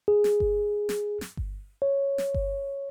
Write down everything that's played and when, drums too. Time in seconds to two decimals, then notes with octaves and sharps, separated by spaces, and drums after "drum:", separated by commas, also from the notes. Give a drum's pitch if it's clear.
0.08 G#4
0.24 drum: snare
0.40 drum: kick G1
0.89 drum: snare
1.21 drum: snare
1.37 drum: kick G1
1.82 C#5
2.18 drum: snare
2.34 drum: kick G1